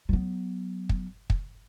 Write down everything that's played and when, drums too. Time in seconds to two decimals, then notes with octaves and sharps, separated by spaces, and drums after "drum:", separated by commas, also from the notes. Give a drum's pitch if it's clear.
0.09 F#3 B3
0.89 drum: kick
1.30 drum: kick